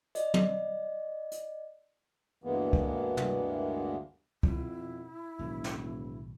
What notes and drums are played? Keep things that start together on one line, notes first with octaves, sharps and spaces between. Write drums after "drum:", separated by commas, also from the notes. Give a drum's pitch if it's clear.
D5 D#5, drum: hi-hat
drum: tom
drum: hi-hat
D2 G2 E3 G#3 A#3 B3
drum: kick
drum: tom
F2 B2 E4, drum: kick
E1 B1 A2 D#3
drum: snare